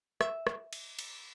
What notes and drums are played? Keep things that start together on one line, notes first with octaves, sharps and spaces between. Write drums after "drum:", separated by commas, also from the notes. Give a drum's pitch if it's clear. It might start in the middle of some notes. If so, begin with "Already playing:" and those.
E5, drum: rim click
drum: rim click
drum: cymbal
drum: cymbal